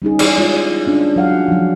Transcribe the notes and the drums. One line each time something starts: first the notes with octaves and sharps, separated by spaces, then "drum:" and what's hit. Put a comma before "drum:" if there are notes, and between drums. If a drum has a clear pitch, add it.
G3 C#4 D#4 G#4
E4 G#4 D5, drum: cymbal
G#3 D#4 F4
C#4 D4
F#3 F5 F#5
F3 F#3